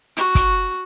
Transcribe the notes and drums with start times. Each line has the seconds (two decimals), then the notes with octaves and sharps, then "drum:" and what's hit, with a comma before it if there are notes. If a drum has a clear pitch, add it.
0.17 F#4, drum: hi-hat
0.35 drum: kick, hi-hat